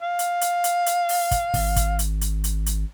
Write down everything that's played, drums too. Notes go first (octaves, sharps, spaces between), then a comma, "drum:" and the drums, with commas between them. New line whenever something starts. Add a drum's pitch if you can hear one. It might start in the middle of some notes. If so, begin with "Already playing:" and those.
F5
drum: hi-hat
drum: hi-hat
drum: hi-hat
drum: hi-hat
drum: open hi-hat
drum: kick, hi-hat
G#1, drum: kick, open hi-hat
drum: kick, hi-hat
drum: hi-hat
drum: hi-hat
drum: hi-hat
drum: hi-hat